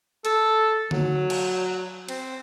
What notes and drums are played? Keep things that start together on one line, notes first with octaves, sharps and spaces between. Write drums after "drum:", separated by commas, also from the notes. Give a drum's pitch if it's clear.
A4, drum: hi-hat
F#3, drum: tom D3
drum: cymbal
C4, drum: cymbal